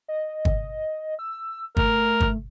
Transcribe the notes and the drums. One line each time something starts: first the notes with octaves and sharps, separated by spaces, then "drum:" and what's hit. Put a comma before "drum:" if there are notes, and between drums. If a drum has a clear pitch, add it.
D#5
drum: kick G1
E6
A3 A#4, drum: kick G1
drum: kick G1